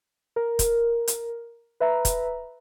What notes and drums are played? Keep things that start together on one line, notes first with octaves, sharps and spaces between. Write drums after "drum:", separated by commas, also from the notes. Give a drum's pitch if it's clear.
A#4
drum: kick, hi-hat
drum: hi-hat
B4 E5 A#5
drum: kick, hi-hat